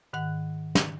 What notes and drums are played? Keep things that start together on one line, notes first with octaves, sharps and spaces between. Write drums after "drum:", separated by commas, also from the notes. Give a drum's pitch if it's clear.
G#2 D#3 F#5 F#6
drum: snare